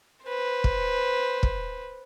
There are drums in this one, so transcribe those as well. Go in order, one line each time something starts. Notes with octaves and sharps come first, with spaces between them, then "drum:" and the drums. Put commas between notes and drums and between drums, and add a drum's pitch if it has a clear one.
B4 C5
drum: kick
drum: kick